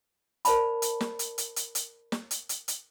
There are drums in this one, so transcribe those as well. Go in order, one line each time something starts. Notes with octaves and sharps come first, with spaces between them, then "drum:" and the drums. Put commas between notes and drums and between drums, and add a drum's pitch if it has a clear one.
A#4 C5 D5 A5 B5, drum: hi-hat
drum: hi-hat
drum: snare
drum: hi-hat
drum: hi-hat
drum: hi-hat
drum: hi-hat
drum: snare
drum: hi-hat
drum: hi-hat
drum: hi-hat